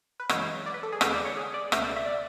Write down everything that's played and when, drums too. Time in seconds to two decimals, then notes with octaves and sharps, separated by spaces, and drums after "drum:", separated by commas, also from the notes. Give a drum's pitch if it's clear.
0.20 B4
0.29 F#2 E3 G#3 C#5, drum: rim click
0.66 D5
0.74 B4
0.83 A4
0.92 G#4
1.01 E2 D3 G#3 B4, drum: rim click
1.12 D5
1.25 C#5
1.37 G#4
1.54 D5
1.72 C#2 B2 A3 E5, drum: rim click
1.84 D5
1.96 E5
2.05 D5